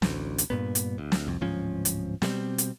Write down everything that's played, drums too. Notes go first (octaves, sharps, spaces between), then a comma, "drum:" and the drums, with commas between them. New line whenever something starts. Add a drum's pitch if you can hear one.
A1 D2, drum: snare
drum: hi-hat
G2 A#2 B3
drum: hi-hat
D2
drum: snare
C2 F2
D1 G#2 F3 C#4
drum: hi-hat
B2 G3 G#3 C4, drum: snare
drum: hi-hat